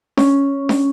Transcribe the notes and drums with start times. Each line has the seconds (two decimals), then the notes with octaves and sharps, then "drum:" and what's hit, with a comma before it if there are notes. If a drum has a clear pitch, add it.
0.17 C#4, drum: snare D4
0.69 drum: snare D4